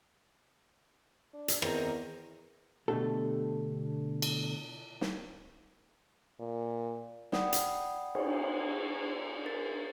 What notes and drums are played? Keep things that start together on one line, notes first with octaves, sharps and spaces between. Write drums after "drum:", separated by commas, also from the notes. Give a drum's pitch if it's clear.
D4
drum: hi-hat
E2 D#3 C4 D#4 A#4, drum: rim click
B2 D3 A3 D4 G4 A4
drum: cymbal
drum: snare
A#2
D5 F#5 G5 B5 D#6, drum: snare
drum: hi-hat
drum: cymbal
A#4 A6